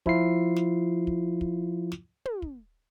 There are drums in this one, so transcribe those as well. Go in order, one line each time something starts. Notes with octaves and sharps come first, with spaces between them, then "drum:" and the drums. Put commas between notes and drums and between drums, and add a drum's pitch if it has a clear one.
F3 E4 F4 C7, drum: kick
drum: snare
drum: kick
drum: kick
drum: snare
drum: tom
drum: kick